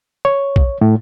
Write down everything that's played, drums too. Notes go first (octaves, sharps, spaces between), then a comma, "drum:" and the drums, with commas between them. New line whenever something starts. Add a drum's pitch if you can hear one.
C#5
drum: kick B1
A2